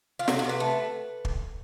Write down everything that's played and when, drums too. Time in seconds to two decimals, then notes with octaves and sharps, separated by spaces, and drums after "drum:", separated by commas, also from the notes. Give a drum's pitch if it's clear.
0.19 F4
0.28 C3 F#4, drum: snare
0.39 F#4
0.44 C3
0.49 B4
0.60 A3
1.25 drum: kick